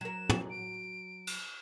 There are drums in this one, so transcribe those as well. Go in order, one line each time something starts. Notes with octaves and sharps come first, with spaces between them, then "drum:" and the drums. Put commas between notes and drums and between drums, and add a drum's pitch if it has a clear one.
F#3 A#4 E7
drum: tom
D7
drum: cymbal